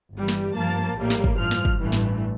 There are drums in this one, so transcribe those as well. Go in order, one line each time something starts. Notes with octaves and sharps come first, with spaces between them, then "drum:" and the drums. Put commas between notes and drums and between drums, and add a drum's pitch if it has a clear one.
G1 G2 E3 G3
drum: snare
G2 F3 A#3 A5
A#1 A2 G3 A#3
drum: snare
drum: kick
A1 G2 F3 F6
drum: snare
drum: kick
A1 G2 E3 A3
drum: snare